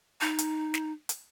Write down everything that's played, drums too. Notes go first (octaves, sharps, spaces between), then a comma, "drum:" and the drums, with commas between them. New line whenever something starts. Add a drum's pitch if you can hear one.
D#4
drum: hi-hat
drum: snare
drum: hi-hat